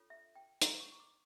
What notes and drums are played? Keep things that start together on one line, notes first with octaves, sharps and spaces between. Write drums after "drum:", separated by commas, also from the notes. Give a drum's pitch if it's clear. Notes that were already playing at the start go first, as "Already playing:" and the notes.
Already playing: D4 F4 A4 C#5
E5
G5
A#5, drum: hi-hat
C#6
C#6
D6